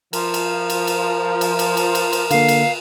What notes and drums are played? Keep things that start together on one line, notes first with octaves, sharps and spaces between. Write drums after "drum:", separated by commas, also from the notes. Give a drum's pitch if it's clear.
F3 A#4, drum: cymbal
drum: cymbal
drum: cymbal
drum: cymbal
drum: cymbal
drum: cymbal
drum: cymbal
drum: cymbal
drum: cymbal
D3 A#3 F5, drum: cymbal
drum: cymbal